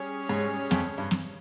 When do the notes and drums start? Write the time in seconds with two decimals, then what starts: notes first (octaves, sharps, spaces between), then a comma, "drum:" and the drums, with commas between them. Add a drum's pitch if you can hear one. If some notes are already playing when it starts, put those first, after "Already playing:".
Already playing: G3 C#4 G#4 C#5
0.29 G#2
0.71 F2, drum: snare
0.98 G2
1.11 drum: snare